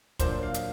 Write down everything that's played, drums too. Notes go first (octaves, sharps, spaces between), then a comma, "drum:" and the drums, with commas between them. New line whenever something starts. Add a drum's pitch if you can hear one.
A#2 F#3 A#3 D4 C5, drum: kick, hi-hat
F5
drum: hi-hat